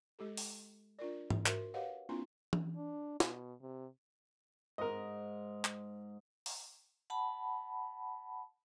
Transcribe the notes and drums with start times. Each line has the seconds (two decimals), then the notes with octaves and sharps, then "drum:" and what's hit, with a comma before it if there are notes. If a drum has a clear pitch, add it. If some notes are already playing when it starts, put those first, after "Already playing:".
0.19 G#3 G4 A4
0.37 drum: open hi-hat
0.99 D4 F4 A#4 D5
1.30 drum: tom G#2
1.46 F#4 A#4 C5 E5 C6, drum: clap
1.74 G4 B4 C#5 D#5 F5 F#5
2.09 A#3 C4 D4 E4 F4 C6
2.53 drum: tom E3
2.76 D4
3.20 B2, drum: snare
3.62 C3
4.78 G#2 A#4 D#5
5.65 drum: clap
6.46 drum: open hi-hat
7.10 F#5 A5 B5